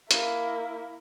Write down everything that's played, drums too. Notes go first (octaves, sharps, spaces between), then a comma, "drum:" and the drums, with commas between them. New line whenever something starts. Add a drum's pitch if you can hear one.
A#3 E4, drum: hi-hat